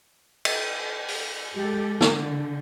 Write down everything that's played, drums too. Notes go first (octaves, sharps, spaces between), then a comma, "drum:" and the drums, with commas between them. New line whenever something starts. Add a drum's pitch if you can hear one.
drum: cymbal
drum: open hi-hat
G#3 G4 A4
D3, drum: snare